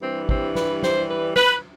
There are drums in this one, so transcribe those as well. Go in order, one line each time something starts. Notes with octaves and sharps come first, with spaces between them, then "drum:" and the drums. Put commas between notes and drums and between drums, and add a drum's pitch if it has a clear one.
G2 E3 G3 C4
C4, drum: kick
B4, drum: snare
C5, drum: snare
B4
B4, drum: snare